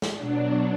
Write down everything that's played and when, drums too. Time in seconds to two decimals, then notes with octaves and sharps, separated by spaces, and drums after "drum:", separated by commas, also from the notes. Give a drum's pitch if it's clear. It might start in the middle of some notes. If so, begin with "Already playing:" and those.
0.02 drum: snare
0.18 B2 F#3 D4